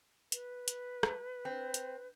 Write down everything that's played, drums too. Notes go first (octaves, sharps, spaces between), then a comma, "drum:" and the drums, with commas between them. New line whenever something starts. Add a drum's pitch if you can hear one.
B4, drum: hi-hat
drum: hi-hat
drum: rim click
C4
drum: hi-hat